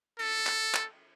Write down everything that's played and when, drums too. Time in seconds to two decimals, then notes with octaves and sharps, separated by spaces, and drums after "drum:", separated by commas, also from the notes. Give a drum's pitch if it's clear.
0.19 A4, drum: cymbal
0.47 drum: clap
0.74 drum: clap